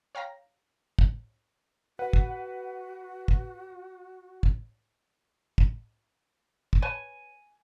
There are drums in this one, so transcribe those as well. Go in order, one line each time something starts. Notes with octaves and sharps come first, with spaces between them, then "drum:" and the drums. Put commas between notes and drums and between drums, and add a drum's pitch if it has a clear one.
C#5 F5 G5 A#5 A#6
drum: kick
F#4 B4 F#5
drum: kick
drum: kick
drum: kick
drum: kick
drum: kick
B4 C#5 G#5 A5